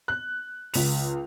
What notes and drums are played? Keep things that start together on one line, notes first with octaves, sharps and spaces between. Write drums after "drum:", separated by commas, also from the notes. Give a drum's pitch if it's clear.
F#6
C#2 F7, drum: open hi-hat